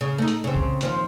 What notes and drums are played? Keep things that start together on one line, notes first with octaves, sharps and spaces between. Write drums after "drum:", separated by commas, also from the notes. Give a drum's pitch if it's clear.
C#3
A3 D#4
drum: hi-hat
C#3 C4
drum: kick C2
D#2 F3 F4, drum: hi-hat